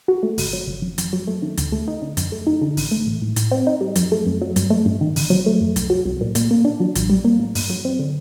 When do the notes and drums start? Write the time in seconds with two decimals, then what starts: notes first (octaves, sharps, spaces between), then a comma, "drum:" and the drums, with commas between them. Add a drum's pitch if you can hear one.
0.08 F#4
0.23 A3
0.38 G1, drum: open hi-hat
0.53 F#3
0.67 G1
0.82 F#2
0.98 F#2, drum: hi-hat
1.13 F#3
1.27 A3
1.42 D#3
1.58 D2, drum: hi-hat
1.72 A3
1.88 D#4
2.02 D3
2.17 F#2, drum: hi-hat
2.32 A3
2.47 D#4
2.62 D3
2.77 A1, drum: open hi-hat
2.91 A3
3.06 A1
3.22 A2
3.36 A2, drum: hi-hat
3.51 C4
3.67 D#4
3.81 G3
3.96 F#2, drum: hi-hat
4.12 A3
4.26 F#2
4.41 F#3
4.56 G2, drum: hi-hat
4.70 A3
4.86 G2
5.01 D#3
5.16 G1, drum: open hi-hat
5.30 F#3
5.46 A3
5.61 F#2
5.76 C2, drum: hi-hat
5.90 F#3
6.05 C2
6.21 A#2
6.35 A#2, drum: hi-hat
6.51 A#3
6.65 D4
6.80 F#3
6.96 A#1, drum: hi-hat
7.09 G3
7.25 A#3
7.39 A2
7.55 G2, drum: open hi-hat
7.70 F#3
7.85 C4
7.99 D3